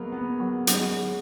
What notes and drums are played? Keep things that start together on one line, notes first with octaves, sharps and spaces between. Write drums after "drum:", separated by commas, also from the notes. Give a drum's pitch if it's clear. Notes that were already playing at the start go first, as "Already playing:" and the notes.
Already playing: F#3 G#3 A#3 B3
B3
F#3
F#3, drum: hi-hat
G#3
F#3